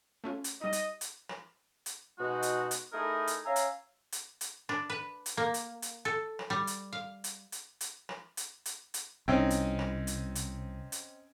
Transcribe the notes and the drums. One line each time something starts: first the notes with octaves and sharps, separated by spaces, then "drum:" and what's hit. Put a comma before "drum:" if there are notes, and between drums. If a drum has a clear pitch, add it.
A3 C#4 F4
drum: hi-hat
G3 D#4 D#5
drum: hi-hat
drum: hi-hat
drum: rim click
drum: hi-hat
B2 G#3 D#4 F#4
drum: hi-hat
drum: hi-hat
A3 D#4 E4 G#4 A#4
drum: hi-hat
C#4 E5 F5 G#5 A#5
drum: hi-hat
drum: hi-hat
drum: hi-hat
D4, drum: rim click
B4
drum: hi-hat
A#3
drum: hi-hat
drum: hi-hat
A4
drum: rim click
G3
drum: hi-hat
F5
drum: hi-hat
drum: hi-hat
drum: hi-hat
drum: rim click
drum: hi-hat
drum: hi-hat
drum: hi-hat
C2 C4 C#4 D#4
drum: hi-hat
drum: rim click
drum: hi-hat
drum: hi-hat
drum: hi-hat